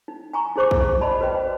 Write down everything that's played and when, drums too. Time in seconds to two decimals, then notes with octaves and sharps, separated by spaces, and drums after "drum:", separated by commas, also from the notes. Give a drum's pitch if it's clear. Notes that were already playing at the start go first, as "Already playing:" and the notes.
0.08 D#4
0.34 G#5 A#5 C#6
0.56 D#4 G#4 C5 C#6 D6
0.71 drum: kick
1.01 D5 D#5 A5 B5 C6
1.20 F#4 B4 C5 D#5 G5